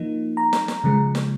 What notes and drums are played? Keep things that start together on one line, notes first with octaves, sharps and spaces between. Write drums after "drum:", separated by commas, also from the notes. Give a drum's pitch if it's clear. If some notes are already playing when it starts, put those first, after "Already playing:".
Already playing: F3 A#3 D#4
A#5
drum: snare
drum: snare
C#3 F3 G#3
drum: snare